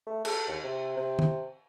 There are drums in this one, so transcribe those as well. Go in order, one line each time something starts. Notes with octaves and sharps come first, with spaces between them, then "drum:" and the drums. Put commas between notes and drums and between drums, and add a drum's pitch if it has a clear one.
A3
A4, drum: cymbal
D#2
C3
C3
drum: tom